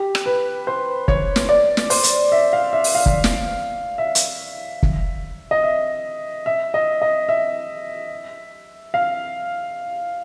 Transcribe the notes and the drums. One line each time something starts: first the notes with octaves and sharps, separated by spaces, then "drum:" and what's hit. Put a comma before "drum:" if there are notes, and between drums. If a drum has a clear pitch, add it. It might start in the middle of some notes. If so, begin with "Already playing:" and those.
Already playing: G4
drum: rim click
B4
C5
C#5, drum: kick
drum: snare
D5
drum: snare
C5, drum: open hi-hat
drum: hi-hat
E5
F5
E5
drum: open hi-hat
F5
drum: kick
drum: snare
E5
drum: hi-hat
drum: kick
D#5
E5
E5
D#5
D#5
E5
F5